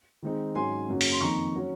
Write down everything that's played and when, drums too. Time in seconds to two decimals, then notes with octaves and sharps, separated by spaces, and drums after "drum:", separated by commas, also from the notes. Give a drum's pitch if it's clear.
0.22 D#3 G#3 C4 D#4
0.55 G#2 F#3 C#4 G#5 C6
0.88 F#2 C#3 F#3 A#3 C#4
1.01 drum: open hi-hat
1.12 C6
1.21 F2 D#3 A#3 D#4 A#5 C#6
1.56 F#3 C#4